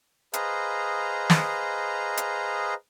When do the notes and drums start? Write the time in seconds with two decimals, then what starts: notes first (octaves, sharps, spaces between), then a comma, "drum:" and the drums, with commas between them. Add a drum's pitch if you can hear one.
0.34 G#4 B4 C5 D#5 F5 A#5, drum: hi-hat
1.30 drum: snare
2.17 drum: hi-hat